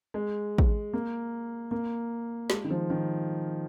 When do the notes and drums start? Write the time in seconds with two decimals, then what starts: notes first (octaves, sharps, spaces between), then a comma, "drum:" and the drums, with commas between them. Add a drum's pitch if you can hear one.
0.14 G#3
0.58 drum: kick
0.93 A#3
1.71 A#3
2.50 G#3, drum: snare
2.64 D#3
2.70 F3
2.90 D#3